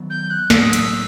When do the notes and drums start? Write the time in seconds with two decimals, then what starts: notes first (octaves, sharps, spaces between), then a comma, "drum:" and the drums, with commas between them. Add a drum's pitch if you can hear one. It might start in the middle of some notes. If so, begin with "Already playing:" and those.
Already playing: D#3 F#3 B3
0.10 G6
0.30 F#6
0.50 A2 F#3 B3 E6, drum: snare
0.61 D#6
0.73 E6, drum: hi-hat